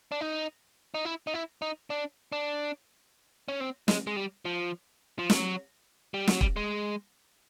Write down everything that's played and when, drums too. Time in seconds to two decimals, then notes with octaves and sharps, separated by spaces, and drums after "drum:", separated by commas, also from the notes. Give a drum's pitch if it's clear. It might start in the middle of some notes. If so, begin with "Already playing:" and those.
0.12 D4
0.21 D#4
0.94 D#4
1.05 E4
1.27 D#4
1.34 E4
1.62 D#4
1.90 D4
2.32 D4
3.48 C#4
3.60 C4
3.88 G#3, drum: snare
4.07 G#3
4.16 G3
4.45 F3
5.19 F3
5.30 F#3, drum: snare
6.14 G3
6.27 F#3, drum: snare
6.41 G3, drum: kick
6.56 G#3